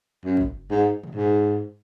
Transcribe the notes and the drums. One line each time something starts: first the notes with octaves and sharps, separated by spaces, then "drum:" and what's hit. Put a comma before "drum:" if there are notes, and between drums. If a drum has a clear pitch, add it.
F#2
drum: kick
G#2
drum: tom A#2
G#2